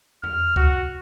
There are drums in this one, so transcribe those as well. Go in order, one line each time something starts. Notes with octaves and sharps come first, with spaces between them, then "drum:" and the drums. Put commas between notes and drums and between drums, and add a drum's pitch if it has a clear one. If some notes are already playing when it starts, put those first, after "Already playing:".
F6, drum: tom E2
F#4, drum: kick C#2